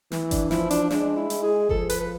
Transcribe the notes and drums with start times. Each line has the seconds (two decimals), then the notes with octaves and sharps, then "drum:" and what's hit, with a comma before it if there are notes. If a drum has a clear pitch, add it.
0.12 E3, drum: snare
0.31 D4, drum: kick G1, hi-hat
0.51 F3 E4, drum: snare
0.71 D4, drum: hi-hat
0.90 G#3 D4, drum: snare
1.17 E4
1.30 G#3, drum: hi-hat
1.43 G#4
1.69 F3 A4, drum: kick G1
1.90 B4, drum: hi-hat
2.00 B4